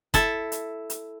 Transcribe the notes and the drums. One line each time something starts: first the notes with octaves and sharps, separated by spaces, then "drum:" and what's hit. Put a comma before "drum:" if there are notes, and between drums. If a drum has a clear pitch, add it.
E4 A4, drum: kick, hi-hat
drum: hi-hat
drum: hi-hat